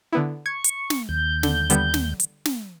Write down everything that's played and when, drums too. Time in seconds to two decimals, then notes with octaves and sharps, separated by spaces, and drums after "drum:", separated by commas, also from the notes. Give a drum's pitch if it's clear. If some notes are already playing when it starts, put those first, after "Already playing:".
0.13 D3 B3 E4
0.46 C#6 G#6
0.64 drum: hi-hat
0.90 drum: snare
1.09 D#2 G6
1.43 D3, drum: snare
1.70 D3 G3 B3, drum: hi-hat
1.94 drum: snare
2.20 drum: hi-hat
2.45 drum: snare